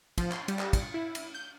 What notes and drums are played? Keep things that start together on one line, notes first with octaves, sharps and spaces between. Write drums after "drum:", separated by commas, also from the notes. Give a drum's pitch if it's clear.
F3, drum: kick, cymbal
C6, drum: clap
G3, drum: cymbal
drum: clap
drum: kick, cymbal
E4
drum: cymbal
G6